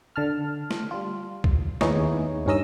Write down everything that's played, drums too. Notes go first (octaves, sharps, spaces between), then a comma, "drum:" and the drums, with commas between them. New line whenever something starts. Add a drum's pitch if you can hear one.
D3 A5 F6
drum: snare
G3 F4
drum: kick
D#2 B3 D#4 E4 G#4 C#5, drum: snare
G2 D#3 C#4 A#4 D#5 E6